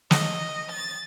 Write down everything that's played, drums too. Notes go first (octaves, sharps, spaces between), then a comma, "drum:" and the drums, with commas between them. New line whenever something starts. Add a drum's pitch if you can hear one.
D#5, drum: snare
A6